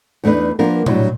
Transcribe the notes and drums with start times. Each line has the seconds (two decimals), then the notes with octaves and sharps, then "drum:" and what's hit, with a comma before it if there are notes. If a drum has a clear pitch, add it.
0.24 E2 A3 D4 D#4 B4
0.59 F3 A#3 B3 D4 A#4
0.86 A2 F#3 G3 D4, drum: tom A#2